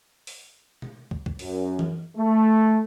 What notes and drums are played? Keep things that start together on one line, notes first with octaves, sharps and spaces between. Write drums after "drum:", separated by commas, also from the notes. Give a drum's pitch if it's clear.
drum: open hi-hat
drum: tom
drum: kick
drum: kick
F#2, drum: open hi-hat
drum: tom E3
A3